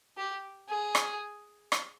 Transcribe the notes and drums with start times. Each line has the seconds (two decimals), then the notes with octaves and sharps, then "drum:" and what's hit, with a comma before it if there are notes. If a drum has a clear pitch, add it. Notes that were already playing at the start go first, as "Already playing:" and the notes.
0.17 G4
0.68 G#4
0.95 drum: rim click
1.72 drum: rim click